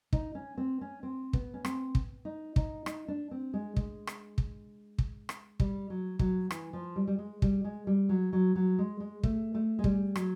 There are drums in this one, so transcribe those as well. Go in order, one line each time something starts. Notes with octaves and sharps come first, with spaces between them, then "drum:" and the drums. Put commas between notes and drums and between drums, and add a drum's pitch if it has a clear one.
D#4, drum: kick
C#4
C4
C#4
C4
B3, drum: kick
C#4
C4, drum: rim click
drum: kick
D#4
D#4, drum: kick
D#4, drum: rim click
D4
C4
G#3
G#3, drum: kick
drum: rim click
drum: kick
drum: kick
drum: rim click
G3, drum: kick
F#3
F#3, drum: kick
E3, drum: rim click
F3
G3
G3
G#3
G3, drum: kick
G#3
G3
F#3
F#3
F#3
G#3
G#3
A3, drum: kick
A3
G#3
G3, drum: kick
F#3, drum: rim click